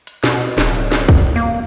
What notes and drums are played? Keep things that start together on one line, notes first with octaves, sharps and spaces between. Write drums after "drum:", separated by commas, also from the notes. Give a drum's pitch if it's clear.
drum: hi-hat
B2, drum: snare
drum: hi-hat
D1, drum: snare
drum: hi-hat
drum: snare
drum: kick, hi-hat
A#3